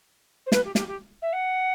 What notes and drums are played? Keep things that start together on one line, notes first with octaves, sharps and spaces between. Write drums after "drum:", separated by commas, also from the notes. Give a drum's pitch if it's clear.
C5
B4, drum: snare
G4
G4, drum: snare
G4
E5
F#5